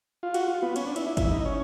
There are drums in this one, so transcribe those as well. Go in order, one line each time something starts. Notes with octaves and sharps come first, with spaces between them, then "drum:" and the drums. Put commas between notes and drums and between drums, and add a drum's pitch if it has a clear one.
F4
F#4, drum: cymbal
F4
B3
C#4, drum: cymbal
D4
E4, drum: cymbal
E4
E4, drum: kick G1, cymbal
D#4
C#4